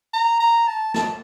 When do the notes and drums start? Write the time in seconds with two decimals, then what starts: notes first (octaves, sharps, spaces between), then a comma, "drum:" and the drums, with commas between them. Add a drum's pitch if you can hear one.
0.14 A#5
0.40 A#5
0.67 A5
0.94 A5, drum: snare